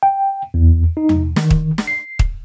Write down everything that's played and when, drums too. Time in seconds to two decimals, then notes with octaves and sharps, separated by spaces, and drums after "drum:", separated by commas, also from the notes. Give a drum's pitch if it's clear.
0.03 G5
0.54 E2
0.97 D#4
1.09 drum: tom E2
1.36 D#3, drum: snare
1.50 drum: kick
1.78 drum: snare
1.87 C7
2.19 drum: kick